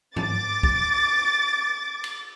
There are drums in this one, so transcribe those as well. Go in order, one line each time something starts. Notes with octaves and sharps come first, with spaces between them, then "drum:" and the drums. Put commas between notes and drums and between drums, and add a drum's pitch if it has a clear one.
D6 A6, drum: tom
drum: kick
drum: cymbal